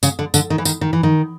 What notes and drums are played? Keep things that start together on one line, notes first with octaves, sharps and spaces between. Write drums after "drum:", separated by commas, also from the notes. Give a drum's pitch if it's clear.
C#3, drum: tambourine
D3
D3, drum: tambourine
D#3
E3
D#3, drum: tambourine
D#3
E3
D#3